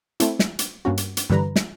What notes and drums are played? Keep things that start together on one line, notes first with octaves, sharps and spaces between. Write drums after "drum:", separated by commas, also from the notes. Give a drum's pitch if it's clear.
A3 C4 E4, drum: hi-hat
drum: snare
drum: hi-hat
G2 A#3 C#4 F#4
drum: hi-hat
drum: hi-hat
G2 D3 E3 G3 B4 A#5
drum: snare